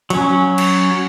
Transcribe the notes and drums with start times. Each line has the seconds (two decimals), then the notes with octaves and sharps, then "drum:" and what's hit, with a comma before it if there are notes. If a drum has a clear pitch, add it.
0.10 F#3 C#4, drum: cymbal
0.58 drum: cymbal